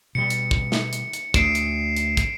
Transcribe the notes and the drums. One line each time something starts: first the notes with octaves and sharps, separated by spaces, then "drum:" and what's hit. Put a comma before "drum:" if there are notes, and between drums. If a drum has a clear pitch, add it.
B2 G3 C#7
drum: hi-hat
drum: kick
drum: snare
drum: hi-hat
drum: hi-hat
D2 C7 D7 E7, drum: kick, hi-hat
drum: hi-hat
drum: hi-hat
drum: kick, hi-hat